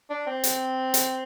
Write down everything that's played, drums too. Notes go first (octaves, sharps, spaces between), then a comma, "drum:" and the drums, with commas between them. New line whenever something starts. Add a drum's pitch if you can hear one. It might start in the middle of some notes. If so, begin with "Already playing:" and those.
D4
C4
drum: hi-hat
drum: hi-hat